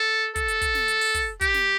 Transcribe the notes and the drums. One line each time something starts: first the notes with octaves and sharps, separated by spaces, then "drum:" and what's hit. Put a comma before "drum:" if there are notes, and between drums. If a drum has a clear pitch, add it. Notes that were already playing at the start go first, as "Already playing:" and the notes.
Already playing: A4
A4, drum: kick, hi-hat
drum: hi-hat
drum: kick, hi-hat
drum: snare
drum: hi-hat
drum: open hi-hat
drum: kick, hi-hat
G4, drum: kick, hi-hat
drum: snare